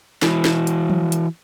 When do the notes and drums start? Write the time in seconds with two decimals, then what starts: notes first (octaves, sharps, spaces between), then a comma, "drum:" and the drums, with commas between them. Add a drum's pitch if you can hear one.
0.22 E3 E4 F#4, drum: snare
0.45 drum: snare
0.67 drum: hi-hat
0.90 drum: tom F3
1.12 drum: hi-hat